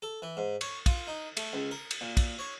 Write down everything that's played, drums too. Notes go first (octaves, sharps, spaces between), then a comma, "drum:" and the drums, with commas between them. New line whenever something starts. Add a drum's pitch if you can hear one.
A4
E3
G#2
C#5, drum: cymbal
F4, drum: kick, cymbal
D#4
A3, drum: cymbal
C#2
A#4
drum: cymbal
A#2
drum: kick, cymbal
C#5